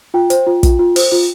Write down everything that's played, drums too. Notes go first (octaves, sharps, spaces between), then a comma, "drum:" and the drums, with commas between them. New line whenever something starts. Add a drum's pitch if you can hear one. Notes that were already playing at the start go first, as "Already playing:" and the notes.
F4 G5
C5, drum: hi-hat
F4
F4, drum: kick, hi-hat
F4
C5, drum: open hi-hat
F4